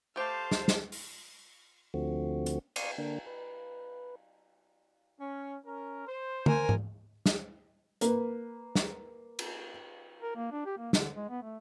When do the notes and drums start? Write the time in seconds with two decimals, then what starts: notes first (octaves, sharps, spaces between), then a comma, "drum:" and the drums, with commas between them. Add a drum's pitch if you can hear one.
0.16 A3 G4 C5 F5 A5
0.51 drum: snare
0.68 drum: snare
0.92 drum: open hi-hat
1.94 D2 D3 F3 A3 C4 F#4
2.46 drum: hi-hat
2.76 D5 F5 C6 C#6 D#6, drum: cymbal
2.98 D3 A#3 D4
3.27 B4
5.19 C#4
5.65 C#4 A#4
6.07 C5
6.46 A#4 G#5, drum: tom
6.69 drum: tom G#2
7.26 drum: snare
8.01 A#3 B4, drum: hi-hat
8.75 drum: snare
9.39 drum: cymbal
10.22 A#4
10.35 A#3
10.52 D4
10.66 G4
10.78 A#3
10.93 D3, drum: snare
11.15 G#3
11.30 B3
11.43 A3